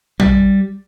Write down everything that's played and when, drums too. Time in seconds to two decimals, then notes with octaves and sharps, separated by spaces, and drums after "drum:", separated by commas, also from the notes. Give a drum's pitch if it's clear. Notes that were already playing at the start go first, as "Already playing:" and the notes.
0.20 G3, drum: tom A#1